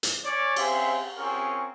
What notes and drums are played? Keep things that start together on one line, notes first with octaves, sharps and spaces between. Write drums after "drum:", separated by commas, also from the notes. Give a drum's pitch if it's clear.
drum: hi-hat
C#4 C#5 D5
C4 C#4 G#4 C5 E5 F5, drum: cymbal
C4 C#4 F4 G#4 A#4 C#6